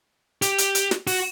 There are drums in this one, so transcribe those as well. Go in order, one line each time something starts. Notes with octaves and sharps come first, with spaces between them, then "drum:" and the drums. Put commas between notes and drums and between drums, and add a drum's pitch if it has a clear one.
G4, drum: hi-hat
drum: hi-hat
drum: hi-hat
drum: snare
F#4, drum: open hi-hat